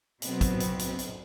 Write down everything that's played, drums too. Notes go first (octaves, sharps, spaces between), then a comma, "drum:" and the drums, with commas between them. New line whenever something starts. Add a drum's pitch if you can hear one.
B2 F#3 B3 C4, drum: hi-hat
drum: kick, hi-hat
drum: hi-hat
drum: hi-hat
drum: hi-hat